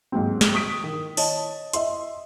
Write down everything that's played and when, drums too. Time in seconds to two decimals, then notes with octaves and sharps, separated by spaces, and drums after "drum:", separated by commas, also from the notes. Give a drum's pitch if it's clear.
0.12 D#2 G#2 F#3 C4
0.41 drum: snare
0.54 C#6 D#6 B6 D7
0.84 D#3
1.17 C#5 D#5 A5, drum: open hi-hat
1.73 D#5 E5 C6, drum: hi-hat